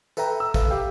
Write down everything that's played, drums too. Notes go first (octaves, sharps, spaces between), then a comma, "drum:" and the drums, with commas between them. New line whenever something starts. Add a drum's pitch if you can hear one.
A4 B4 E5 G5 A#5, drum: tambourine
E6
A4 B4 E5 F5, drum: kick, tambourine
G4 F5 G5